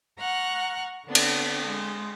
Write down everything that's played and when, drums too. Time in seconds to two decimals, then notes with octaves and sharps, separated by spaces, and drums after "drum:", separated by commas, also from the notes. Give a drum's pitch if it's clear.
0.18 F#5 A#5 C#6 F6 F#6
1.06 D3 B3 C4 D4
1.15 drum: cymbal
1.66 G#3